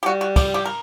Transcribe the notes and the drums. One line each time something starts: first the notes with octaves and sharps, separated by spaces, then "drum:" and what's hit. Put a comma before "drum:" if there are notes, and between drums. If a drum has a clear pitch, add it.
G4
G3 F#4
F#4
G4, drum: kick, cymbal
G4
A#4